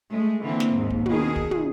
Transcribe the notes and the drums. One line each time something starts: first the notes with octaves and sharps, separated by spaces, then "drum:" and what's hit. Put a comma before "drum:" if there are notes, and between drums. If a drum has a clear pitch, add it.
G#3 A3
D3 E3 A#3 C4
drum: snare
D#2 G#2
drum: kick
B2 D#3 G#4, drum: tom
drum: kick
drum: tom